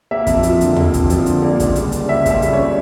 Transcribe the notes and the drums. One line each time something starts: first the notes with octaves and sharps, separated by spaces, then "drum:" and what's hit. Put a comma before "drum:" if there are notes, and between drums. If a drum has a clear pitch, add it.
A#3 E5
F2, drum: kick, hi-hat
F3, drum: hi-hat
D3, drum: hi-hat
A#3, drum: tom D#2
F2, drum: kick, hi-hat
F3, drum: hi-hat
D3, drum: hi-hat
A#3 D5
C#2, drum: kick, hi-hat
G3, drum: hi-hat
C#3, drum: hi-hat
A#3 E5
C#2 E5, drum: kick, hi-hat
G3, drum: hi-hat
C#3 C#5